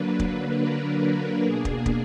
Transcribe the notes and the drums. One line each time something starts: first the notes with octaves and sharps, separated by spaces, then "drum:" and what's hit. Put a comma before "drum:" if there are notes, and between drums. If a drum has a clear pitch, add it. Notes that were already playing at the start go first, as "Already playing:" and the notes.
Already playing: D3 F#3 A#3 D4 B4
drum: kick
A#4
B2 A#3 D4 G#4
drum: kick
drum: kick